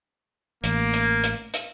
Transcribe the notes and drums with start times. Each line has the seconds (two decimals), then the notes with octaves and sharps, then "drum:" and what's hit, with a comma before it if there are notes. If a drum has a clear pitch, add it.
0.64 A1 A#3, drum: hi-hat
0.94 drum: hi-hat
1.24 drum: hi-hat
1.54 drum: hi-hat